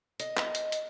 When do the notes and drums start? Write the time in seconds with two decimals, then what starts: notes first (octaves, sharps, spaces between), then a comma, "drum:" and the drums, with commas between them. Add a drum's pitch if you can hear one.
0.20 D#5, drum: hi-hat
0.37 drum: clap
0.55 drum: hi-hat
0.72 drum: hi-hat